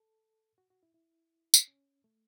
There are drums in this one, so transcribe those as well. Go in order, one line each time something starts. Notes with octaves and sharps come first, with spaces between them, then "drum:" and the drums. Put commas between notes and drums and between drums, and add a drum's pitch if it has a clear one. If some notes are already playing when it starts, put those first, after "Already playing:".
Already playing: A4
F#4
F#4
E4
E4
drum: tambourine
C#4
A3